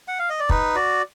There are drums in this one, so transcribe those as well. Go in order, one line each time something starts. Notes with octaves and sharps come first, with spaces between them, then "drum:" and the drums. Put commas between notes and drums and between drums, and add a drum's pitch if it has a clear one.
F#5
F5
D#5
D5
D#4 B4, drum: kick
F#4 D5